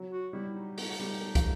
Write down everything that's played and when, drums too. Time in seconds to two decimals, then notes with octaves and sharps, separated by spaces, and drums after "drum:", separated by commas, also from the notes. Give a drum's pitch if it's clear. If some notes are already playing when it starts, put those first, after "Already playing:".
Already playing: F#3
0.12 F#4
0.33 G3 E4
0.55 D#4
0.78 A3, drum: open hi-hat
1.00 G3
1.21 A3
1.35 drum: kick, hi-hat